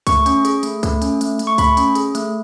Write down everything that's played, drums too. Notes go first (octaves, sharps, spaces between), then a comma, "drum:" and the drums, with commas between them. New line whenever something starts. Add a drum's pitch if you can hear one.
A3 C#6, drum: kick C#2, hi-hat
C#4, drum: hi-hat
G#4, drum: hi-hat
A3, drum: hi-hat
A3, drum: kick C#2, hi-hat
C#4, drum: hi-hat
A3, drum: hi-hat
A3, drum: hi-hat
C#6
A3 B5, drum: kick C#2, hi-hat
C#4, drum: hi-hat
G#4, drum: hi-hat
A3, drum: hi-hat